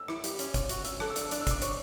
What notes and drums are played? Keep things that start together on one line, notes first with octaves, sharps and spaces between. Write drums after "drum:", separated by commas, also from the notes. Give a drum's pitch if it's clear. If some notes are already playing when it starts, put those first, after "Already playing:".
Already playing: E6
E4 D6, drum: rim click
G4, drum: hi-hat
C#4, drum: hi-hat
C#5, drum: kick, hi-hat
F#4 C#6, drum: hi-hat
C#4 E6, drum: hi-hat
A4 F#6, drum: rim click
E6
D4, drum: hi-hat
E6
D4 D6, drum: hi-hat
E6
D4 D6, drum: kick, hi-hat
C#5 C#6, drum: hi-hat